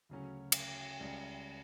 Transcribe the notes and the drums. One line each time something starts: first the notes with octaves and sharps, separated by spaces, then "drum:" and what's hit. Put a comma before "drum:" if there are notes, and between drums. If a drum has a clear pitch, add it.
D2 C#3 F#3 C#4
drum: cymbal
C#2 C#3 G3